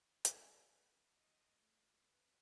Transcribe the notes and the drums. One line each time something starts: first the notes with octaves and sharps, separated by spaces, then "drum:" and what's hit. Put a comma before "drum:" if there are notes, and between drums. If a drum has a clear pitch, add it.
G4, drum: hi-hat
B4
D#5
A3
B4